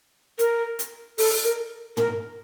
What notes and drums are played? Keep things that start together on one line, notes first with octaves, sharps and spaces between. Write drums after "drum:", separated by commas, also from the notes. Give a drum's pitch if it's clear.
A#4, drum: hi-hat
drum: hi-hat
A4, drum: open hi-hat
A#4
A#4, drum: tom